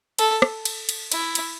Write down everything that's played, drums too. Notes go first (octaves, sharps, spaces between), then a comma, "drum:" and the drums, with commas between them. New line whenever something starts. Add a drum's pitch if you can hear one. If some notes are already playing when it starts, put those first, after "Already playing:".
A4, drum: cymbal
drum: rim click
drum: cymbal
drum: cymbal
E4, drum: cymbal
drum: cymbal